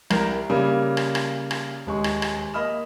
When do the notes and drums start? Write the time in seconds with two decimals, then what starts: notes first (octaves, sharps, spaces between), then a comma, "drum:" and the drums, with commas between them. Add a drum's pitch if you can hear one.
0.10 C2 A#4 A#5, drum: rim click
0.50 C#3 G3 A#3 C#4
0.97 drum: rim click
1.15 drum: rim click
1.51 drum: rim click
1.86 D#1 G#3 C#6
2.04 drum: rim click
2.22 drum: rim click
2.54 A#3 D#5 B5 F6 E7